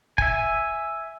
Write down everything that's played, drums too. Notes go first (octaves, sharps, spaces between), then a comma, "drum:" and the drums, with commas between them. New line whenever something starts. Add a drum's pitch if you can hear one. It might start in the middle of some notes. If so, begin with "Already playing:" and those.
E5 G#5, drum: kick F1